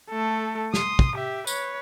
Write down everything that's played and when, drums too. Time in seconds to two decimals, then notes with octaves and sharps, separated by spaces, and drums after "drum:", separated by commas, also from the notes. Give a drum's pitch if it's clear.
0.10 A3 A4
0.74 C6 D#6, drum: snare
0.99 drum: kick
1.16 G4 E5
1.47 B4 C#5, drum: tambourine